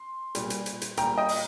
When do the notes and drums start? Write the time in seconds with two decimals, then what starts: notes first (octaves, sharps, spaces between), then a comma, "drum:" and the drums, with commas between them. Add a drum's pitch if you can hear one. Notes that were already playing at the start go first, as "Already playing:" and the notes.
Already playing: C6
0.35 A#2 G3, drum: hi-hat
0.50 drum: hi-hat
0.66 drum: hi-hat
0.82 drum: hi-hat
0.97 A#2 G3 G5 A#5, drum: hi-hat
1.18 D#5 G5
1.29 drum: open hi-hat